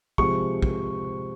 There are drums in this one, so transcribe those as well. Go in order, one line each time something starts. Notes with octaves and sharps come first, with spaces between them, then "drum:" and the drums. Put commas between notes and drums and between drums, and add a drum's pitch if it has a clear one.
C3 F3 G#3 C#6, drum: kick
drum: kick